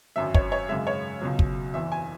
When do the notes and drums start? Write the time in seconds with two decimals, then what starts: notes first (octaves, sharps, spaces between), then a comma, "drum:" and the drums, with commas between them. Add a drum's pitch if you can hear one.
0.16 G#1 F#2 F#3 E5
0.34 C#5, drum: kick
0.52 C#5
0.69 G#1 F#2 C#3 G#3 E5
0.87 C#5
1.22 C#2 B2 F#3
1.39 drum: kick
1.74 F#1 E2 E3 E5
1.92 G#5